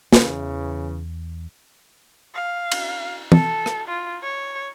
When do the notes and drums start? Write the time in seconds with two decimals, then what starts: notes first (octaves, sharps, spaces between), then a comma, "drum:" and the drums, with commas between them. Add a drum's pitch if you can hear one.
0.13 E2 C#3 E3, drum: snare
2.35 F5
2.72 drum: cymbal
3.32 A4, drum: tom
3.66 drum: rim click
3.88 F4
4.23 C#5